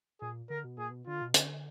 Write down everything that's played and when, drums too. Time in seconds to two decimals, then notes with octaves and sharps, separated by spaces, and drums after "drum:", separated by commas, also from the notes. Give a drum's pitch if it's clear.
0.21 A#2 G#4
0.50 D3 A#4
0.64 B2
0.77 A#2 G#4
0.91 B2
1.07 D3 F4
1.21 B2
1.34 D3, drum: hi-hat